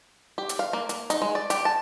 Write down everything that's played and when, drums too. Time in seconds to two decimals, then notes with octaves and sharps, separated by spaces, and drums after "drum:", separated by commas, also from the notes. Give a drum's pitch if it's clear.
0.38 G4
0.49 drum: hi-hat
0.59 F5
0.73 A#3
0.89 A#3, drum: hi-hat
1.10 D#4, drum: hi-hat
1.22 G#3
1.35 D5
1.50 G4, drum: hi-hat
1.65 A5